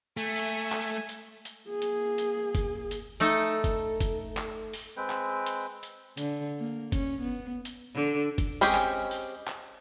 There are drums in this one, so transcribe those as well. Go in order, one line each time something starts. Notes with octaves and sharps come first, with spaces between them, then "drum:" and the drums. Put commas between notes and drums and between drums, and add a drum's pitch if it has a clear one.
A3 E5 G#5
drum: open hi-hat
drum: clap
drum: hi-hat
drum: hi-hat
A#3 G#4
drum: hi-hat
drum: hi-hat
drum: kick F#1, hi-hat
drum: hi-hat
A3 D#4 A4
drum: kick F#1, hi-hat
drum: kick F#1, hi-hat
drum: clap
drum: open hi-hat
G#3 C4 B4 G5
drum: clap
drum: hi-hat
drum: hi-hat
D3, drum: hi-hat
A#3
C#4, drum: kick F#1, hi-hat
B3
drum: hi-hat
D3
drum: kick F#1, hi-hat
G#3 C4 C#4 G4 G#4
drum: clap
drum: open hi-hat
drum: clap